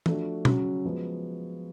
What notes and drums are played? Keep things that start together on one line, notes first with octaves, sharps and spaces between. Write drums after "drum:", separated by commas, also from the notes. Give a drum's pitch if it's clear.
F3 A3 D4 F#4, drum: tom
C#3 F#3 C#4 F#4, drum: tom
F3 G#3 B3 F#4